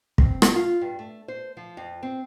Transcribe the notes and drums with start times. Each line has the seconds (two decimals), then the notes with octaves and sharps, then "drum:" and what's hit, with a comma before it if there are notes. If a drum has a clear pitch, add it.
0.18 C4, drum: kick
0.42 drum: rim click
0.56 F4
0.81 G2
0.99 A3
1.28 C5
1.57 F3
1.77 F2
2.03 C4